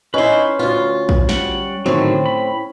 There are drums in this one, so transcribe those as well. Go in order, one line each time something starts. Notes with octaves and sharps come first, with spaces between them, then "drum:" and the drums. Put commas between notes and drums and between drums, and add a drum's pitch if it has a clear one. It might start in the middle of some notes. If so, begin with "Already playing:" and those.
C#4 D#4 E4 B4 C6
D2 F4
drum: kick
G3 F#5, drum: snare
A2 D3 D#3 F#3 C4
B5